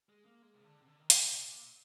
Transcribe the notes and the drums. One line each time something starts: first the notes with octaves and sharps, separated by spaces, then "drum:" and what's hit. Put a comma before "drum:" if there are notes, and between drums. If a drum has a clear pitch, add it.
G#3
A#3
G#3
C3
D3
C3
D3
D#3
D3, drum: hi-hat
C3
A#2